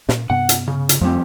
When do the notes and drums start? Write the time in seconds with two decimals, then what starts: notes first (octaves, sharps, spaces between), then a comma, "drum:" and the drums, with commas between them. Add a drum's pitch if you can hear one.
0.09 A#2, drum: snare
0.30 G2 C3 B3 F#5
0.49 drum: hi-hat
0.68 C#3
0.89 drum: hi-hat
1.01 F2 F3 G3 A3 C4